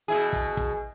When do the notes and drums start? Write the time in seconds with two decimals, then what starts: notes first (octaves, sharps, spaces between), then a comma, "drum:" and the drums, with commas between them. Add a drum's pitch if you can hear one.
0.08 B2 E4 G#4
0.33 drum: kick
0.57 drum: kick